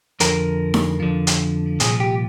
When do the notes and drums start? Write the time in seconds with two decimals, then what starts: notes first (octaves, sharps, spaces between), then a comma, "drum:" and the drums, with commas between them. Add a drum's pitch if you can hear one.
0.20 F2 D3 F3 A#4, drum: hi-hat
0.74 drum: snare D#4
1.00 F2 D3 F3
1.27 drum: hi-hat
1.80 C2 A#2 F3 G#4, drum: hi-hat
2.00 G4